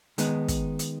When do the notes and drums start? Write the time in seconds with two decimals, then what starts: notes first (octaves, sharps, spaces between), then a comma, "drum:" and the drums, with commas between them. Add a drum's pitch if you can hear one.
0.18 D#3 G#3 B3 D#4, drum: hi-hat
0.48 drum: kick, hi-hat
0.79 drum: hi-hat